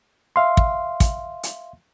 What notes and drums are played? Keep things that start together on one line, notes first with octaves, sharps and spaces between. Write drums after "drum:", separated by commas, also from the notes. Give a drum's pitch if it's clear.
E5 F5 C6
drum: kick
drum: kick, hi-hat
drum: hi-hat